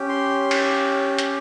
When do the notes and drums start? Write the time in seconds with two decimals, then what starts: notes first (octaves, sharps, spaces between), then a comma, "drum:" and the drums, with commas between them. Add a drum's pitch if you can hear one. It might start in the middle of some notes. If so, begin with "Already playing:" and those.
Already playing: C#4 G4
0.09 C6
0.51 drum: cymbal
1.19 drum: hi-hat